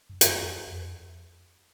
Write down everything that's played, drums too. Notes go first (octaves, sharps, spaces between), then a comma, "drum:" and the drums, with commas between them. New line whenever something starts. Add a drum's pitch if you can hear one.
G2
F2, drum: hi-hat
G2
F2
F2